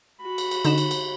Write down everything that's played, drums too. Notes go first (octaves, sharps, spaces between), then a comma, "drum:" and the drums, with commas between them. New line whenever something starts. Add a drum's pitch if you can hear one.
F#4 B5
drum: cymbal
drum: cymbal
D3 D#4 E7, drum: cymbal
drum: cymbal
drum: cymbal